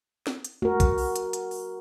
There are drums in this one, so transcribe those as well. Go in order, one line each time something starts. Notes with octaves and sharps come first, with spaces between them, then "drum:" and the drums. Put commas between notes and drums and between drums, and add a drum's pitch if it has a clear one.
drum: snare
drum: hi-hat
F#4 A#4, drum: tom G#3
drum: kick, hi-hat
drum: open hi-hat
drum: hi-hat
drum: hi-hat
drum: open hi-hat